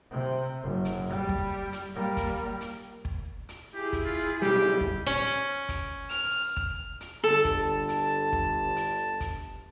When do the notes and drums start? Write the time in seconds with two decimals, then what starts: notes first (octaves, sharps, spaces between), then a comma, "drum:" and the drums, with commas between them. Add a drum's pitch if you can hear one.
0.11 C3
0.63 F#1 F#2
0.85 drum: hi-hat
1.09 G3
1.29 drum: kick
1.73 drum: hi-hat
1.95 G3 A#3
2.17 drum: kick, hi-hat
2.61 drum: hi-hat
3.05 drum: kick
3.49 drum: hi-hat
3.74 E4 G4 G#4
3.93 drum: kick, hi-hat
4.05 F4
4.42 B1 G3 G4
4.81 drum: kick
5.07 C#4
5.25 drum: hi-hat
5.69 drum: kick, hi-hat
6.10 F6, drum: hi-hat
6.57 drum: kick
7.01 drum: hi-hat
7.24 G1 D3 A4 A5
7.45 drum: kick, hi-hat
7.89 drum: hi-hat
8.32 drum: kick
8.76 drum: hi-hat
9.20 drum: kick, hi-hat